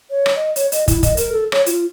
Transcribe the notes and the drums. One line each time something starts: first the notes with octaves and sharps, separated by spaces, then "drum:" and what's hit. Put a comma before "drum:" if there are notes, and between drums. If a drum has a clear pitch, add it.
C#5
drum: rim click
D#5
C#5, drum: hi-hat
D#5, drum: hi-hat
E4, drum: kick, hi-hat
D#5, drum: kick, hi-hat
A#4, drum: hi-hat
A4
C#5, drum: rim click
F4, drum: hi-hat